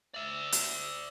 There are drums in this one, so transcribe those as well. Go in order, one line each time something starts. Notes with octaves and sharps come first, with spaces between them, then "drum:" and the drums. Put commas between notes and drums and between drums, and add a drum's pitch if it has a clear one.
D5 E5
drum: hi-hat